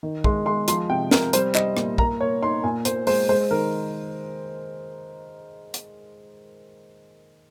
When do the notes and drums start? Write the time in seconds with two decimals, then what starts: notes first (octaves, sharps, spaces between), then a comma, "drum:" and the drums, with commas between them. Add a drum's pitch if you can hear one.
0.03 D#3
0.24 G#3 C6, drum: kick
0.46 G#3 C6
0.68 F3 C6, drum: hi-hat
0.90 C3 G5
1.11 C3 A#4, drum: snare
1.33 G3 C5, drum: hi-hat
1.55 G3 D#5, drum: clap
1.77 A#2, drum: rim click
1.98 A#3 A#5, drum: kick
2.20 A#3 C#5
2.42 D#4 C6
2.64 A#2 G#5
2.85 A#2 C5, drum: hi-hat
3.07 G#3 C5, drum: open hi-hat
3.29 G#3 C5
3.51 D#3 A#4
5.74 drum: hi-hat